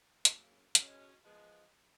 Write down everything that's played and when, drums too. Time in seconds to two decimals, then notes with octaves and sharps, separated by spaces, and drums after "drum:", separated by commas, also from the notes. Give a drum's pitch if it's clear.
0.25 C#3 F#3 A#3, drum: hi-hat
0.75 B2 G#3 C#4, drum: hi-hat
1.24 F3 G#3 B3